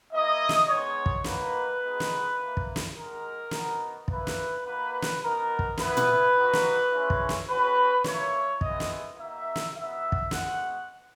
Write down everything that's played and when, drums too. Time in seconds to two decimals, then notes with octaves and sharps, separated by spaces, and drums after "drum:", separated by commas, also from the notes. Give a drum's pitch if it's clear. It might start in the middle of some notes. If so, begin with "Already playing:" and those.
0.11 A#3 E4 D#5
0.49 drum: snare
0.68 G#3 B3 D#4 C#5
1.06 drum: kick
1.24 A#3 D#4 F#4 B4, drum: snare
1.82 G#3 B3 D#4 F#4
2.00 drum: snare
2.38 A#3 E4
2.57 drum: kick
2.76 drum: snare
2.94 G#3 D#4 F#4 A#4
3.51 B3 D#4 F#4, drum: snare
4.08 A#3 E4 B4, drum: kick
4.27 drum: snare
4.65 A#3 D#4 F#4 B4
5.02 drum: snare
5.21 B3 D#4 F#4 A#4
5.59 drum: kick
5.78 B3 E4 B4, drum: snare
5.97 drum: tom
6.35 A#3 D#4 F#4
6.53 drum: snare
6.91 G#3 C#4 E4
7.10 drum: kick
7.29 drum: snare
7.48 G#3 C#4 F#4 B4
8.04 A#3 E4 C#5, drum: snare
8.61 G#3 B3 E4 D#5, drum: kick
8.80 drum: snare
9.18 A#3 D#4 F#4 E5
9.56 drum: snare
9.74 B3 D#4 F#4 E5
10.12 drum: kick
10.31 G#3 B3 F#4 F#5, drum: snare